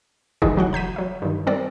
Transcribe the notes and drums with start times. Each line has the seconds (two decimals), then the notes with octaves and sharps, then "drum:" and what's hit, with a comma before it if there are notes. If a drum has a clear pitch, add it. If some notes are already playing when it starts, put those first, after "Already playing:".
0.42 E3 F3 G#3 D#4 F#4 G#4, drum: kick F1
0.56 C#3 F#3 F#4 F#5
0.73 A#5 G6 B6 D#7
0.96 F#3 E5
1.22 G2 D#3
1.46 G3 C4 A#4 D5